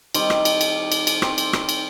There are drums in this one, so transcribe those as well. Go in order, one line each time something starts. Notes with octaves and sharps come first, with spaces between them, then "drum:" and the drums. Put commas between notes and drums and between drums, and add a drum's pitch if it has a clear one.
D#3 G3 C4, drum: cymbal
drum: rim click
drum: cymbal
drum: cymbal
drum: cymbal
drum: cymbal
C4, drum: rim click
drum: cymbal
drum: rim click
drum: cymbal